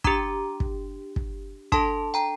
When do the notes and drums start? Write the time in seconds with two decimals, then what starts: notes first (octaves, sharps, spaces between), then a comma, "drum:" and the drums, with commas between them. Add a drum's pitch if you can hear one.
0.04 D4 G4 A#5 D6, drum: kick
0.60 drum: kick
1.16 drum: kick
1.72 D4 A4 A5 C6, drum: kick
2.14 G5 A#5